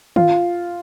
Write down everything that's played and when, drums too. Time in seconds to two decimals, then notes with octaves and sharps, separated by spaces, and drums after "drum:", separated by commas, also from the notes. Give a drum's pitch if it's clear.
0.16 F4, drum: tom D#3